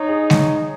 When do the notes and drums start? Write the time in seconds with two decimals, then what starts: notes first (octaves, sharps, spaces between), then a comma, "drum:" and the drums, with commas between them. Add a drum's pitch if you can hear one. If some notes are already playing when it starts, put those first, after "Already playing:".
Already playing: D#4 C#5
0.08 G#4
0.30 drum: snare G#3